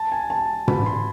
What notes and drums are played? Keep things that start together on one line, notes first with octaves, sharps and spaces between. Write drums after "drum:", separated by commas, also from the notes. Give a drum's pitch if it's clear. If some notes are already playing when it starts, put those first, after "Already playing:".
Already playing: A5
G#5
A5
B5, drum: tom
C6